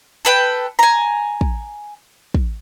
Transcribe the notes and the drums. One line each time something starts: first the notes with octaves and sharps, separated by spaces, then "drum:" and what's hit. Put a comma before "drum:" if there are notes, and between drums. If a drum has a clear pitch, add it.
A4 B4 G5
G#5 A#5
drum: kick
drum: kick